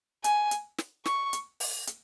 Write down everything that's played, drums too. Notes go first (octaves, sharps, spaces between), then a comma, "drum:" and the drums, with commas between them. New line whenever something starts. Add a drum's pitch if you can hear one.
G#5, drum: hi-hat
drum: hi-hat
drum: snare
C#6, drum: snare
drum: hi-hat
drum: open hi-hat
drum: hi-hat